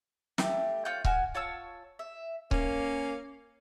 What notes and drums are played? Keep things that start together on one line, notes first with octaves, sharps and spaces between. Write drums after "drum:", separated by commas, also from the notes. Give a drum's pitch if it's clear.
A3 G4, drum: snare
F4 C#5 F#6 G6
F#4 G#5 F6, drum: kick C#1
F4 C#5 A5 E6
E5
A#3 C#4, drum: kick C#1